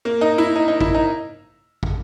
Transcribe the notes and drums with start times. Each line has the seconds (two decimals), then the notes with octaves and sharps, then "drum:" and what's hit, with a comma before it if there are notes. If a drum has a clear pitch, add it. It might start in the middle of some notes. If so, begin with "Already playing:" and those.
0.05 A#3
0.21 D#4
0.38 E4
0.56 D#4
0.68 D#4
0.81 E4, drum: kick
0.94 D#4
1.83 drum: kick